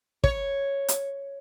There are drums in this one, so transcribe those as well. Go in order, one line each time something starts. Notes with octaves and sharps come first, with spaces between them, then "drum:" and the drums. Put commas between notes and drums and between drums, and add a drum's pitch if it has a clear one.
C#5, drum: kick
drum: hi-hat